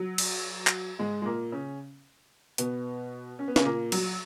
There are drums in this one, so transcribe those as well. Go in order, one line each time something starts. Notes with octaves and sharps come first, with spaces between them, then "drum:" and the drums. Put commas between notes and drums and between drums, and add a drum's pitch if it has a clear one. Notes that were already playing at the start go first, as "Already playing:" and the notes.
Already playing: F#3
drum: cymbal
drum: clap
G#2 G#3
G#3
A#2 A#3
C#3 C#4
B2 B3, drum: hi-hat
C#4
B3
C#3 C#4, drum: snare
A#2 A#3
F#3, drum: cymbal